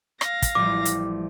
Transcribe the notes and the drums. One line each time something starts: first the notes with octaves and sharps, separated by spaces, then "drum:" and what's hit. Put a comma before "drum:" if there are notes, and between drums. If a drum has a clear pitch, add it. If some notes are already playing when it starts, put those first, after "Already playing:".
F5 A#6, drum: rim click
drum: kick, hi-hat
A1 F3 G3 D6
drum: hi-hat